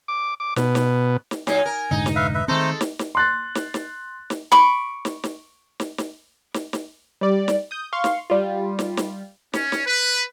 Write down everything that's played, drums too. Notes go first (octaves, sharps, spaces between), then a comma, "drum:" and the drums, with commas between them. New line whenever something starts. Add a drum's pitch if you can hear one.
D6
D6
B2, drum: snare
drum: snare
drum: snare
A#2 F#3 D#4 G#5, drum: snare
A#4
F1 G#2 D3 D#4
drum: snare
B4 E5 F5
B4 E5
D#3 G#3 A3 C4 A4 C5 A#5
drum: snare
drum: snare
C6 F#6 A6
drum: snare
drum: snare
drum: snare
B5 C#6 D6, drum: snare
drum: snare
drum: snare
drum: snare
drum: snare
drum: snare
drum: snare
G3 D5
drum: snare
D#6 G6
F5 C6 C#6
drum: snare
G3 F4
drum: snare
drum: snare
C#4, drum: snare
drum: snare
B4